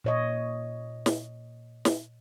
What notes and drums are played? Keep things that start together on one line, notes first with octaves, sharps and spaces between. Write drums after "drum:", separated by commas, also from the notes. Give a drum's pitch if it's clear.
A#2 C#5 D#5
drum: snare
drum: snare